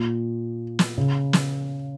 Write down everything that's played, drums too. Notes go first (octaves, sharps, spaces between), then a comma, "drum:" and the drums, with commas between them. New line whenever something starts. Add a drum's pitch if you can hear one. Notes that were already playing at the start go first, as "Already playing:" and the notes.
Already playing: A#2
drum: snare
C#3
drum: snare